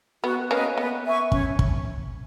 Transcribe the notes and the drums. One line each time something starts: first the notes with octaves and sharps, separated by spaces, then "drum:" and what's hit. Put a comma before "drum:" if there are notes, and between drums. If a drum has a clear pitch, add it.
B3 F#4
A#3 C#4 B4 D#5 G#5
B3 B4
E5 G#5 C#6
C#4, drum: kick
drum: kick